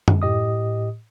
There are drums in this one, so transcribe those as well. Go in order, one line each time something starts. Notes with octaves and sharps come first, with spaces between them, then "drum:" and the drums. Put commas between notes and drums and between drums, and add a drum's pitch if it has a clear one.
drum: tom F#2
A2 G4 D#5 D#6